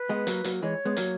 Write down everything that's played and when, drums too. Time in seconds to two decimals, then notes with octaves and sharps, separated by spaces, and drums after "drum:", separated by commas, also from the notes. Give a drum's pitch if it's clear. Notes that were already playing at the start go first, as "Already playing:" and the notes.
Already playing: B4
0.09 G#3 B3
0.27 F#3 A#3, drum: hi-hat
0.44 F#3 A#3, drum: hi-hat
0.62 E3 G#3 C#5
0.85 G#3 B3
0.97 F#3 A#3, drum: hi-hat